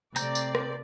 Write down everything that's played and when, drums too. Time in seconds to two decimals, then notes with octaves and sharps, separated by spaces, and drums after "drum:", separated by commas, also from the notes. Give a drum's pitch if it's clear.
0.16 C3 A3 C4 D5 A#5 G6, drum: tambourine
0.35 drum: tambourine
0.55 drum: rim click